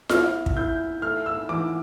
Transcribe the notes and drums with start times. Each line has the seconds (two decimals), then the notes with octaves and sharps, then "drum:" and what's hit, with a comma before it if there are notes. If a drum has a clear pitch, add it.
0.09 E4 F6, drum: snare F4
0.46 drum: kick
0.55 E4 G6
1.02 A3 F6
1.26 E6
1.49 E3 D6